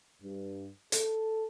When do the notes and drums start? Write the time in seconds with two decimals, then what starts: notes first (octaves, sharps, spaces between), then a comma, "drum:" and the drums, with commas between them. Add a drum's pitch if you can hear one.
0.23 G2
0.92 A4, drum: hi-hat